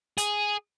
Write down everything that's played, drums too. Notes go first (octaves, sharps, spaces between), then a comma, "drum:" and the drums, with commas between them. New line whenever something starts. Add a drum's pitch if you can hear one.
G#4, drum: hi-hat